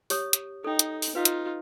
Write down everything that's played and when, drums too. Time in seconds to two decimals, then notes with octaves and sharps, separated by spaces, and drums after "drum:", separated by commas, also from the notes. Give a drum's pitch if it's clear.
0.10 G4 C#5 D#6, drum: open hi-hat
0.33 drum: hi-hat
0.64 D#4 A4 G5
0.79 drum: hi-hat
1.02 drum: open hi-hat
1.15 D#4 F4 B4 F5
1.25 drum: hi-hat